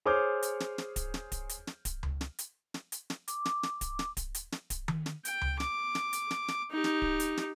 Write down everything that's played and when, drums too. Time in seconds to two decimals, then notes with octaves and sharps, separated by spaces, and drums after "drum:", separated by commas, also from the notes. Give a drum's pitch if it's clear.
0.06 G#4 C5 C#5 D6 F6 G6
0.43 drum: hi-hat
0.60 drum: snare
0.78 drum: snare
0.96 drum: kick D1, hi-hat
1.14 drum: snare
1.32 drum: kick D1, hi-hat
1.49 drum: hi-hat
1.67 drum: snare
1.85 drum: kick D1, hi-hat
2.03 drum: tom C#2
2.21 drum: snare
2.39 drum: hi-hat
2.74 drum: snare
2.92 drum: hi-hat
3.10 drum: snare
3.28 D6, drum: hi-hat
3.45 drum: snare
3.63 drum: snare
3.81 drum: kick D1, hi-hat
3.99 drum: snare
4.17 drum: kick D1, hi-hat
4.35 drum: hi-hat
4.52 drum: snare
4.70 drum: kick D1, hi-hat
4.88 drum: tom D#3
5.06 drum: snare
5.25 G5, drum: hi-hat
5.41 drum: tom C#2
5.60 D6, drum: snare
5.95 drum: snare
6.13 drum: hi-hat
6.31 drum: snare
6.48 drum: snare
6.71 D#4 G4
6.84 drum: snare
7.02 drum: kick D1
7.20 drum: hi-hat
7.37 drum: snare